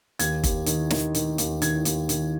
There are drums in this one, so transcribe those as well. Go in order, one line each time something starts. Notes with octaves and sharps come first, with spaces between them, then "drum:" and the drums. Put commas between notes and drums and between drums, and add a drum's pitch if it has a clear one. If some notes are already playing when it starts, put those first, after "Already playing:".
D#2 G#6, drum: hi-hat
D#2, drum: kick, hi-hat
D#3, drum: hi-hat
D#3, drum: snare
D#3, drum: hi-hat
D#2, drum: hi-hat
D#3 G#6, drum: hi-hat
D#2, drum: hi-hat
D#3, drum: hi-hat